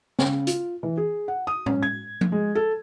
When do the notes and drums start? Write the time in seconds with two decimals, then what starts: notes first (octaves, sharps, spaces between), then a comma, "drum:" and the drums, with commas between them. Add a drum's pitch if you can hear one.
0.19 C#3, drum: snare
0.47 F4, drum: hi-hat
0.83 E3
0.98 G#4
1.28 F#5
1.47 D#6
1.66 C#4, drum: tom
1.83 G#6
2.21 drum: tom F3
2.32 G#3
2.55 A4